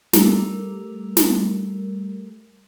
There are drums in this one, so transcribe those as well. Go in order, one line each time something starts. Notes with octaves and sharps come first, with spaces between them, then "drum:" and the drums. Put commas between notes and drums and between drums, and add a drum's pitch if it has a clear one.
G3 A3 A#4, drum: snare
drum: snare